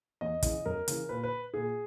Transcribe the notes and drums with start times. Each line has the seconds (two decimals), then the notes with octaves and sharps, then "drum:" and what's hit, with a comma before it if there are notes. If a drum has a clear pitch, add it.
0.21 E2 D#5
0.43 C#3 E3, drum: kick, hi-hat
0.66 F#2 A#4
0.88 C#3 E3, drum: hi-hat
1.09 A#2 B4
1.24 B4
1.54 A#2 G#4